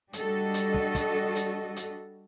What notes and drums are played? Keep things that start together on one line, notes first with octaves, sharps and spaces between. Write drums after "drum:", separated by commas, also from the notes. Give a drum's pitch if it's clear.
G3 D4 F#4 A4 D#5, drum: hi-hat
drum: hi-hat
drum: kick
drum: kick, hi-hat
drum: hi-hat
drum: hi-hat